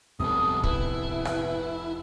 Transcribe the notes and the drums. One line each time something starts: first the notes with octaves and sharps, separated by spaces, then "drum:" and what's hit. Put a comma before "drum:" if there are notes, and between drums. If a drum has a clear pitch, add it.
F1 C2 G#2 C3 B3 A4 D#6
E4 B4, drum: kick
drum: rim click